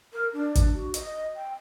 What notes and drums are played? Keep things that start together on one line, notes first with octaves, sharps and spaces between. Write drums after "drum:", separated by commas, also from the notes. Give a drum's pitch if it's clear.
A#4
D4
drum: kick, hi-hat
F#4
D#5, drum: hi-hat
G5